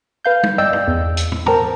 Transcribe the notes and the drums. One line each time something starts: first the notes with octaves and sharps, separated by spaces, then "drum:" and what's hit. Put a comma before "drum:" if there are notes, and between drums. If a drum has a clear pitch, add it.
B4 F5 G6
drum: tom
D5 D#5 G5 E6 G6, drum: tom
drum: tom
E2
drum: hi-hat
drum: tom
A#4 C5 G5 A5 A#5, drum: tom